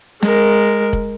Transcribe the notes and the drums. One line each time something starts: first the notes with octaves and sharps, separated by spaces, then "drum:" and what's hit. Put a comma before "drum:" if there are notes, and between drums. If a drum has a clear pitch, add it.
G#3 A#4, drum: snare
drum: kick